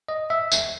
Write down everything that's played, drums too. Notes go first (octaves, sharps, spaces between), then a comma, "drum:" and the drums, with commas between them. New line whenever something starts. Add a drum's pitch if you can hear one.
D#5
E5
drum: tambourine